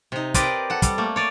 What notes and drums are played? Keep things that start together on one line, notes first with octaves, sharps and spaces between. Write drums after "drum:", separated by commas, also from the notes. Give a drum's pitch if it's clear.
C3 D#4
C4 G4 A#4 B4 D5 D#5, drum: kick, hi-hat
A4 F#5
G3, drum: kick, hi-hat
A3 A#3
C#5 D5 G#5